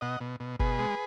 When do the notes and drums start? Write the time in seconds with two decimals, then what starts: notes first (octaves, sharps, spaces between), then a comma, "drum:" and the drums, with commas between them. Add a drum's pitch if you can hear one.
0.01 B2 D#5 F#5
0.21 B2
0.40 B2
0.59 B2 G#4 B4, drum: kick F#1
0.79 G#3